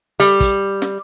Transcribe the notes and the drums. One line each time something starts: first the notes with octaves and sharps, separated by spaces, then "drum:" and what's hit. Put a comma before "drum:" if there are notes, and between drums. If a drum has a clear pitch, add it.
G3, drum: hi-hat
drum: kick, hi-hat
drum: snare